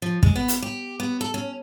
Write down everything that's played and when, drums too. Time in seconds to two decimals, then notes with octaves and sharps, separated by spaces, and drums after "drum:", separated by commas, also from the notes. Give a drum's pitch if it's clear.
0.02 F3
0.23 G#3, drum: kick
0.36 B3
0.48 drum: hi-hat
0.62 G4
1.00 B3
1.21 A4
1.34 C#4